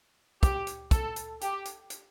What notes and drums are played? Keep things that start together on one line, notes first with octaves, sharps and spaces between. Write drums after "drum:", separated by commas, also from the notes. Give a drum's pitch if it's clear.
G4, drum: kick, hi-hat
drum: hi-hat
A4, drum: kick, hi-hat
drum: hi-hat
G4, drum: hi-hat
drum: hi-hat
drum: hi-hat